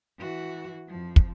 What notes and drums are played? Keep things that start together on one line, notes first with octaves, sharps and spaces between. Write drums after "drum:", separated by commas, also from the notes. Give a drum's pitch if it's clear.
E3 F#4
F2 F3
drum: kick